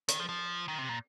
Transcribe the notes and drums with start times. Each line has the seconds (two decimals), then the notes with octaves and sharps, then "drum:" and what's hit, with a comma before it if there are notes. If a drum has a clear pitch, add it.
0.09 D#3, drum: hi-hat
0.18 F3
0.29 F3
0.68 D#3
0.79 C3
0.89 A#2